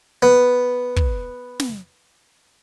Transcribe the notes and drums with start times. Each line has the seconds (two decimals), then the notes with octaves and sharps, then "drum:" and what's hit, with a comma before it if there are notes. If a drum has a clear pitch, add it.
0.22 B3
0.96 drum: kick
1.60 drum: snare